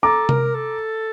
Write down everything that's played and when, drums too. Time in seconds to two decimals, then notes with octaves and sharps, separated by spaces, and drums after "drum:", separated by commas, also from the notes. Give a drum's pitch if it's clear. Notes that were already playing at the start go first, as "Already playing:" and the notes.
0.03 A4 A#5 D6
0.29 A#4, drum: tom C3
0.54 A4